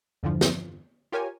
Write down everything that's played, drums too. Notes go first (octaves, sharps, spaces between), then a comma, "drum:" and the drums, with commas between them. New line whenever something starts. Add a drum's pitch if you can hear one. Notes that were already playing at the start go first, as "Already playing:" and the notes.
E2 G2 D3 E3 F3
drum: snare
F4 G4 A#4 C#5 G#5